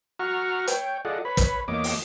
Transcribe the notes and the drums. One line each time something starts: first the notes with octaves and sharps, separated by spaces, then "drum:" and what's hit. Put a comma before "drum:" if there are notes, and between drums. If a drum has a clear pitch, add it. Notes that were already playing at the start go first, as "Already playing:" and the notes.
F#4 F#5 A#5 C#6 F6
C#5 G5, drum: hi-hat
F4 G#4 A4 D5 D#5 F#5
B4 C#5 B5
drum: kick, hi-hat
E2 A#3 C#5 D#5 D6
drum: open hi-hat